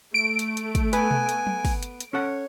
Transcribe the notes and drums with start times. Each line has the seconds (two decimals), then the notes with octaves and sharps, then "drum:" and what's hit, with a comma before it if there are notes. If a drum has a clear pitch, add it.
0.14 A3 D7
0.39 drum: hi-hat
0.57 drum: hi-hat
0.75 drum: kick, hi-hat
0.93 B3 B4 G#5, drum: hi-hat
1.11 drum: tom B2
1.29 drum: hi-hat
1.47 drum: tom
1.65 drum: kick, open hi-hat
1.83 drum: hi-hat
2.00 drum: hi-hat
2.13 C#4 A4 C#5 F#5